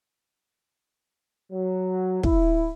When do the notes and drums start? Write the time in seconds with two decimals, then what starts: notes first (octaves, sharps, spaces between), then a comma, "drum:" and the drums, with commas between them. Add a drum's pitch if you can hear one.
1.52 F#3
2.23 E4, drum: kick